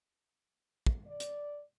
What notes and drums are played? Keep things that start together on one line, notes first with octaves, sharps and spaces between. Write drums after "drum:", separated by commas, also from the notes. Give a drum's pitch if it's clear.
drum: kick
D5
drum: hi-hat